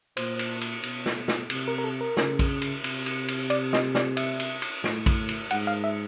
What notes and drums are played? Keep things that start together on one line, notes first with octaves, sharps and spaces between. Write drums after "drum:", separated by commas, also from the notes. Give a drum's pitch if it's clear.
A#2 C5, drum: cymbal
drum: cymbal
drum: cymbal
B2, drum: cymbal
drum: snare
drum: snare
C3, drum: cymbal
A#4
A#4
A4
A#4
C#3, drum: snare
drum: kick A#1, cymbal
drum: cymbal
C3, drum: cymbal
drum: cymbal
drum: cymbal
D5, drum: cymbal
D#5, drum: snare
D5, drum: snare
E5, drum: cymbal
drum: cymbal
drum: cymbal
A2, drum: snare
drum: kick A#1, cymbal
drum: cymbal
G#2 F#5, drum: cymbal
F5
E5